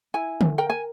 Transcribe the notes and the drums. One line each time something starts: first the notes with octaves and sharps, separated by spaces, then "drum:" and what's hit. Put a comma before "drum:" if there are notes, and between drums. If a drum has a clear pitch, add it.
E4 G#5
drum: tom D3
A#4 G5
G#5